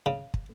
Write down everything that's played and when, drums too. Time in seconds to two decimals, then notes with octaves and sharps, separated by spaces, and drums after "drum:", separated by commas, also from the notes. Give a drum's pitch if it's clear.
0.06 C#3
0.34 drum: kick